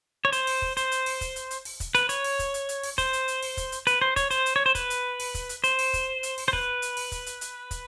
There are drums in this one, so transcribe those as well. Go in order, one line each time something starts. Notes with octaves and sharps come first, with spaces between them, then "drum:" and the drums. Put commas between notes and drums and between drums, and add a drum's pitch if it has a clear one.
C#5
C5, drum: hi-hat
drum: open hi-hat
drum: kick
C5, drum: hi-hat
drum: hi-hat
drum: open hi-hat
drum: kick, hi-hat
drum: hi-hat
drum: hi-hat
drum: open hi-hat
drum: kick, hi-hat
B4, drum: hi-hat
C#5, drum: hi-hat
drum: open hi-hat
drum: kick, hi-hat
drum: hi-hat
drum: hi-hat
drum: open hi-hat
C5, drum: kick, hi-hat
drum: hi-hat
drum: hi-hat
drum: open hi-hat
drum: kick, hi-hat
drum: hi-hat
B4, drum: hi-hat
C5
C#5, drum: kick, hi-hat
C5, drum: hi-hat
drum: hi-hat
C#5
C5
B4, drum: kick, hi-hat
drum: hi-hat
drum: open hi-hat
drum: kick, hi-hat
drum: hi-hat
C5, drum: hi-hat
drum: open hi-hat
drum: kick, hi-hat
drum: hi-hat
drum: open hi-hat
C5
B4, drum: kick
drum: hi-hat
drum: open hi-hat
drum: kick, hi-hat
drum: hi-hat
drum: hi-hat
drum: kick, hi-hat